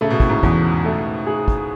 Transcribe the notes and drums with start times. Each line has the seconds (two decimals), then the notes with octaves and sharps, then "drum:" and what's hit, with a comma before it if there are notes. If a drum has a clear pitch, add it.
0.01 C#3 A3
0.10 B2
0.20 A2, drum: kick
0.29 G#2 B2
0.43 E2, drum: kick
0.85 A3
1.27 G#4
1.48 drum: kick